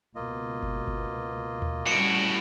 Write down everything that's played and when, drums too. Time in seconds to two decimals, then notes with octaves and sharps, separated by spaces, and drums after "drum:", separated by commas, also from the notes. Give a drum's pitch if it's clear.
0.15 C#2 B2 A#3 F4 D#5
0.63 drum: kick G1
0.87 drum: kick G1
1.62 drum: tom D#2
1.87 A2 G3 C#4 F#4 C#7 D7